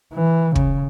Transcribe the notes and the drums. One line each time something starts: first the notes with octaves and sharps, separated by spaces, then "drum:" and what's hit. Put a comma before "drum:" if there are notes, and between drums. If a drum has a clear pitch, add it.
E3
C#3, drum: kick